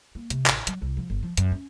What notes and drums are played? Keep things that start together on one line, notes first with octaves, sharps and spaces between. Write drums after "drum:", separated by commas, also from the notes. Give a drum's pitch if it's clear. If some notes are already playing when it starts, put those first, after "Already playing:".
A#3
C3, drum: hi-hat
A1, drum: clap
F#3, drum: hi-hat
C2
F3
G1
F3
F#2, drum: hi-hat
C#4